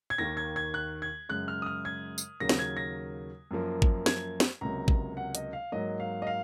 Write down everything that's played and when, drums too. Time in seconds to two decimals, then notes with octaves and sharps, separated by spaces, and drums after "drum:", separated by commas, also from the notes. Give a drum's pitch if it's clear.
0.10 G#6
0.18 D#2 D#3 A#3 A#6
0.37 G#6
0.56 G#6
0.74 F#6
1.02 G#6
1.29 F#2 C#3 G#3 F#6
1.48 F6
1.62 D#6
1.66 F6
1.85 G#6
2.18 drum: tambourine
2.40 D#2 C#3 F#3 A#3 A#6
2.49 drum: snare
2.59 G#6
2.77 A#6
3.51 F#2 F3 A#3
3.82 drum: kick
4.06 G#6, drum: snare
4.40 drum: snare
4.61 C#2 C3 F#3 A#3 A#5
4.88 drum: kick
5.17 F#5
5.35 D#5, drum: hi-hat
5.53 F5
5.72 G#2 F#3 A#3 D#5
6.00 F5
6.22 D#5
6.27 F5